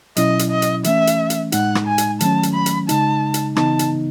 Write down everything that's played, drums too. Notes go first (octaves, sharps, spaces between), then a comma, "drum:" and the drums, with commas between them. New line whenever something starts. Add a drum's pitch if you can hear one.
B2 F#3 C#4 E4 D#5, drum: hi-hat
drum: hi-hat
D#5
drum: hi-hat
E3 A3 C#4 E5, drum: hi-hat
drum: hi-hat
drum: hi-hat
A2 G#3 D#4 F#5, drum: hi-hat
drum: rim click
G#5
drum: hi-hat
D#3 F#3 A3 C#4 A5, drum: hi-hat
drum: hi-hat
B5
drum: hi-hat
C#3 G#3 D#4 A5, drum: hi-hat
drum: hi-hat
C#3 E3 B3 D#4 A5, drum: rim click
drum: hi-hat